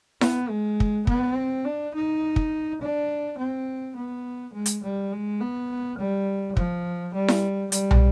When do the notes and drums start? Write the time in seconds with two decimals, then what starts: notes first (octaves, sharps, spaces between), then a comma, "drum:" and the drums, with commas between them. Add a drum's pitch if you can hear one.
0.21 B3, drum: snare E4
0.49 G#3
0.80 drum: kick
1.07 B3, drum: kick
1.36 C4
1.65 D4
1.94 D#4
2.36 drum: kick
2.82 D4
3.38 C4
3.96 B3
4.54 G#3
4.66 drum: hi-hat
4.84 G3
5.13 G#3
5.41 B3
5.98 G3
6.57 F3, drum: kick
7.14 G3
7.28 drum: snare E4
7.72 G3, drum: hi-hat
7.91 drum: tom